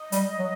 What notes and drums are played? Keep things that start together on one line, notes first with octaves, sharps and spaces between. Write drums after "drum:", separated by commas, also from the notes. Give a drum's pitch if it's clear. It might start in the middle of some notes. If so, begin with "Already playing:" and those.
Already playing: D#5
G3, drum: hi-hat
F#3